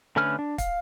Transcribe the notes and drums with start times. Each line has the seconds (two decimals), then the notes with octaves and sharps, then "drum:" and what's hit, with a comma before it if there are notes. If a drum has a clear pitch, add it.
0.16 D3 A3 C#4 B4 F6
0.39 D4
0.58 F5, drum: kick, hi-hat